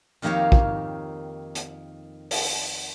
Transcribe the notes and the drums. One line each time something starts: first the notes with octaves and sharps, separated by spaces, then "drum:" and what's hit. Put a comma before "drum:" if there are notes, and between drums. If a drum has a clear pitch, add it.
F2 D#3 A#3 G4 C#5 F5
drum: kick
drum: hi-hat
drum: open hi-hat